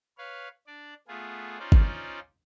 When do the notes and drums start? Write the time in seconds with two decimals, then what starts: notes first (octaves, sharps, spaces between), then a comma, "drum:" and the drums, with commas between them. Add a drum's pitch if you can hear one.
0.18 B4 C#5 F5
0.67 D4 D5
1.08 A3 B3 F4 G#4
1.59 C#4 D#4 F4 C5 D5
1.72 drum: kick G1